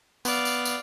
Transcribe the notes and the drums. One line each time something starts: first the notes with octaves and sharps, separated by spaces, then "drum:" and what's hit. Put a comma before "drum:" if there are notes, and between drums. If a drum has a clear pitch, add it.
B3 D5 F5, drum: tambourine
drum: tambourine
drum: tambourine